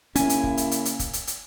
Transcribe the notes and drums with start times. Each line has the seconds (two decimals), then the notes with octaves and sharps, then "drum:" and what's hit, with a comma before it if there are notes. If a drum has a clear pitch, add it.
0.16 C#3 A#3 C#4 E4 G#5, drum: hi-hat
0.29 drum: hi-hat
0.43 drum: kick
0.57 drum: hi-hat
0.71 drum: hi-hat
0.85 drum: hi-hat
0.99 drum: kick, hi-hat
1.13 drum: hi-hat
1.27 drum: hi-hat